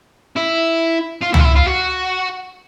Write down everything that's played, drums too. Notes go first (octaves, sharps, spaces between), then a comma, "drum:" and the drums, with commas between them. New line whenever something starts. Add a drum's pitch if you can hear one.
E4
F4
E4, drum: tom
F4
E4
F4
F#4